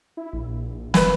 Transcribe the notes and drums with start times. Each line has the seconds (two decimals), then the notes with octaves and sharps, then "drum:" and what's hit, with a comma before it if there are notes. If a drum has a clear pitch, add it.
0.17 E4
0.33 A#1
0.94 F1 B4 B5, drum: snare